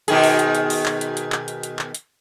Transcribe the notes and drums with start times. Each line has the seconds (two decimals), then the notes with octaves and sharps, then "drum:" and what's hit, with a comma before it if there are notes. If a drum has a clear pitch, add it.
0.08 B2 D#3 G#4, drum: hi-hat
0.23 drum: open hi-hat
0.39 drum: hi-hat
0.55 drum: hi-hat
0.70 drum: open hi-hat
0.86 drum: clap
1.01 drum: hi-hat
1.17 drum: hi-hat
1.32 drum: clap
1.48 drum: hi-hat
1.63 drum: hi-hat
1.79 drum: clap
1.95 drum: hi-hat